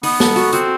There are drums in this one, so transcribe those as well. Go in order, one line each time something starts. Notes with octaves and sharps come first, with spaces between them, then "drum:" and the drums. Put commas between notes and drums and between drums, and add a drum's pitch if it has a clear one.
B3 D#4, drum: open hi-hat
A4, drum: snare
F#4, drum: open hi-hat
C4 F#4, drum: hi-hat